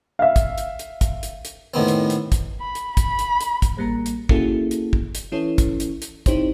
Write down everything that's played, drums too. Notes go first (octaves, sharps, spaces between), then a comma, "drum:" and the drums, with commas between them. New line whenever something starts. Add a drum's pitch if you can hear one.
E5 F5
drum: kick, hi-hat
drum: hi-hat
drum: hi-hat
drum: kick, hi-hat
drum: hi-hat
drum: hi-hat
A2 D#3 B3 C4
drum: hi-hat
drum: hi-hat
drum: kick, hi-hat
B5
drum: hi-hat
B5, drum: kick, hi-hat
drum: hi-hat
drum: hi-hat
drum: kick, hi-hat
A1 G3 A#3 A#5
drum: hi-hat
A#3 C#4 E4 F#4 G#4 A4, drum: kick
drum: hi-hat
drum: kick
drum: hi-hat
E3 C#4 E4 A4 B4 C#5
drum: kick, hi-hat
drum: hi-hat
drum: hi-hat
C4 D#4 E4 G4 C5 C#5, drum: kick, hi-hat